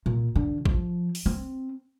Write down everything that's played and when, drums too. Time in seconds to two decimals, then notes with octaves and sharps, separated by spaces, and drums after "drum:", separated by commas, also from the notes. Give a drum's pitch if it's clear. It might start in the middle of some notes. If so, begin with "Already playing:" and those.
0.06 A#2
0.35 D3
0.65 F3, drum: kick A1
1.15 drum: open hi-hat
1.26 C4